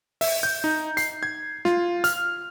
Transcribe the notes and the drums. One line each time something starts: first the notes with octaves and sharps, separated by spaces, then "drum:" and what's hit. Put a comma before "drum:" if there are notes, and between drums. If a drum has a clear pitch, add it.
E5, drum: open hi-hat
G6
D#4
C7, drum: hi-hat
G#6
F4, drum: snare
F6, drum: hi-hat